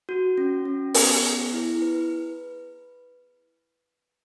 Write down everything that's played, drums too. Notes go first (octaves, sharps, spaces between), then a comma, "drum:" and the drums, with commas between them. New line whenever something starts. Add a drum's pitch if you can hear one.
F#4
C#4
C#4
B3, drum: open hi-hat
G#4
E4
B4